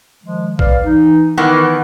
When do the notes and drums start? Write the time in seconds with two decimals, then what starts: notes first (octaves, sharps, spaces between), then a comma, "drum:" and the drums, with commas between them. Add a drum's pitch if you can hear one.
0.24 D#3 F3 G#3
0.59 B4 D5 F5, drum: kick A#1
0.86 E3 D#4
1.38 D#3 E3 B3 A#4